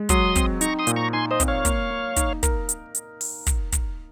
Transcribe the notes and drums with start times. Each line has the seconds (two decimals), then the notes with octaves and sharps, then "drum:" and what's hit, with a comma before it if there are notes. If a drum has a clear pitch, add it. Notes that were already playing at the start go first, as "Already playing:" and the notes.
Already playing: G#3
0.09 F#3 C6 D#6, drum: kick, hi-hat
0.36 C4, drum: kick, hi-hat
0.61 D#4 A#5 C#6, drum: hi-hat
0.79 C6 D#6
0.87 A#2, drum: hi-hat
0.96 A#5 C#6
1.13 D#4 G#5 C6
1.31 C5 D#5
1.40 C4, drum: kick, hi-hat
1.48 C#5 F5
1.65 A#3, drum: kick, hi-hat
1.90 A#3
2.17 D#4, drum: kick, hi-hat
2.43 A#4, drum: kick, hi-hat
2.69 drum: hi-hat
2.95 drum: hi-hat
3.21 drum: open hi-hat
3.47 drum: kick, hi-hat
3.72 drum: kick, hi-hat